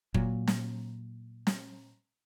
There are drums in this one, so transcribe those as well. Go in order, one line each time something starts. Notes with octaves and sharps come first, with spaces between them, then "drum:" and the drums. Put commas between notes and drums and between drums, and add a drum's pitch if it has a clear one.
A#2 F#3, drum: kick
drum: snare
drum: snare